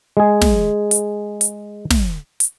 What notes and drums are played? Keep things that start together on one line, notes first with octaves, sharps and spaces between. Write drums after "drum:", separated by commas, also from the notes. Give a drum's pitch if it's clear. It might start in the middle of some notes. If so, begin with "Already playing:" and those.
G#3 G#4
drum: snare
drum: hi-hat
drum: hi-hat
drum: snare
drum: hi-hat